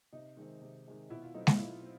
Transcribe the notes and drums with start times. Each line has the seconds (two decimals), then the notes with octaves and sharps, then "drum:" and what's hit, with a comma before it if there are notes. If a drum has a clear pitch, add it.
0.13 C3 D#4
0.37 D#3 G#3 C4
0.61 C3
0.86 D#3 G#3 C4
1.10 B2 E4
1.22 F4
1.34 F#3 A3 C4 D#4
1.47 D#4, drum: snare G#3
1.54 F4
1.59 B2 E4
1.83 C4